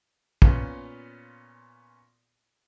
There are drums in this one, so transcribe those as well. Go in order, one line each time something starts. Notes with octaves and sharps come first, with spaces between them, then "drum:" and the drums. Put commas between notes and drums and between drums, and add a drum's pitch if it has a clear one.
A#2 B3 C#4 F4, drum: kick